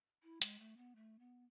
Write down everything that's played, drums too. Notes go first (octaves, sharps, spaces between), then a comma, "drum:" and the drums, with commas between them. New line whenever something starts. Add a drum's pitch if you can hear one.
E4
G#3, drum: hi-hat
A3
B3
A3
B3